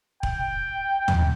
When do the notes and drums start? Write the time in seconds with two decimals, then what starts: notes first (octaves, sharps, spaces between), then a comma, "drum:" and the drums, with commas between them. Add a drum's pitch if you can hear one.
0.23 G5, drum: kick E1
1.08 drum: tom